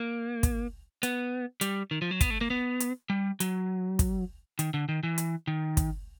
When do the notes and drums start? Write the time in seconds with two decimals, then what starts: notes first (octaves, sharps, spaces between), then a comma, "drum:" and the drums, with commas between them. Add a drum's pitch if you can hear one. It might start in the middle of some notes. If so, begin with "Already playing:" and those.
Already playing: A#3
0.43 drum: kick, hi-hat
1.03 B3, drum: hi-hat
1.61 G3, drum: hi-hat
1.91 D#3
2.02 F3
2.11 F#3
2.21 B3, drum: kick, hi-hat
2.30 A3
2.41 A#3
2.50 B3
2.80 drum: hi-hat
3.10 G3
3.40 F#3, drum: hi-hat
3.99 drum: kick, hi-hat
4.59 D#3, drum: hi-hat
4.74 D3
4.89 D#3
5.03 E3
5.18 drum: hi-hat
5.47 D#3
5.77 drum: kick, hi-hat